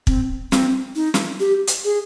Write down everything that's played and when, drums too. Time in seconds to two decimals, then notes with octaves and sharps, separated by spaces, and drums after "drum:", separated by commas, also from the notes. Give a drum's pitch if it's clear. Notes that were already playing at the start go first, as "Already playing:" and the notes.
0.07 C4, drum: kick
0.52 C4, drum: snare
0.96 D#4
1.14 drum: snare
1.40 G4
1.67 drum: hi-hat
1.84 G#4